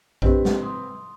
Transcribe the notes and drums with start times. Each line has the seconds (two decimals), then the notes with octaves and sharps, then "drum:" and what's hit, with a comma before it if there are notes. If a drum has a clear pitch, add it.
0.22 C4 D4 G4 B4 D#5, drum: kick A#1
0.45 drum: snare
0.62 C6 D#6